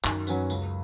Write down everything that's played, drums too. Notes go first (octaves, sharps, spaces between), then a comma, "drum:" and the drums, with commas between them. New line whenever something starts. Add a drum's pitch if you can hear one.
F#2 D#3, drum: clap
F#3 C#4 F#4 B4, drum: tambourine
C#2, drum: tambourine